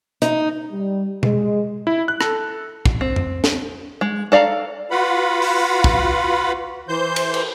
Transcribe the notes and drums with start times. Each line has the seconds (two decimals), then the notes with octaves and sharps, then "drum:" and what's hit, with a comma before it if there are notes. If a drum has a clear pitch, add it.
0.22 D#4, drum: hi-hat
0.72 G3
1.23 G#3, drum: tom B2
1.87 E4
2.08 F#6
2.21 A4, drum: rim click
2.86 drum: kick
3.01 C4
3.16 drum: tom F2
3.44 drum: snare
4.01 G#3
4.32 A4 D5 F5 A#5
4.91 F4 F#4 B4 F5 F#5 B5
5.42 drum: open hi-hat
5.84 drum: kick
6.89 E3 C5 G6
7.16 drum: cymbal
7.34 drum: cymbal